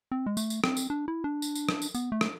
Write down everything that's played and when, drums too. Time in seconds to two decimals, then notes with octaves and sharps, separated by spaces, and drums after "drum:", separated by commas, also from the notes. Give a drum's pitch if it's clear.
0.12 C4
0.26 G#3
0.37 A3, drum: tambourine
0.50 drum: tambourine
0.64 C4, drum: rim click
0.77 drum: tambourine
0.90 D4
1.08 E4
1.24 D4
1.42 drum: tambourine
1.55 drum: tambourine
1.69 drum: rim click
1.82 drum: tambourine
1.95 B3, drum: tambourine
2.12 A3
2.21 drum: rim click